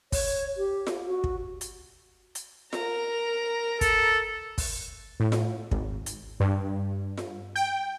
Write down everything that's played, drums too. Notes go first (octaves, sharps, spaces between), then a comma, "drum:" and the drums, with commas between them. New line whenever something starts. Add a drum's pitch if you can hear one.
C#5, drum: kick, open hi-hat
G4
drum: snare F4
F#4
drum: kick
drum: hi-hat
drum: hi-hat
A#4 A#5, drum: snare F4
A4, drum: kick, hi-hat
drum: kick, open hi-hat
A2
drum: snare F4
G#1, drum: kick
drum: hi-hat
G2
drum: snare F4
G5